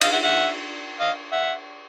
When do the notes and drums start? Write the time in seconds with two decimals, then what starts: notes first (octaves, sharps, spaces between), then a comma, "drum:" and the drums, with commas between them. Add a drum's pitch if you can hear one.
0.01 D#5 F5, drum: cymbal
0.12 E5 F#5
0.23 E5 F#5
1.00 D#5 F5
1.32 E5 F#5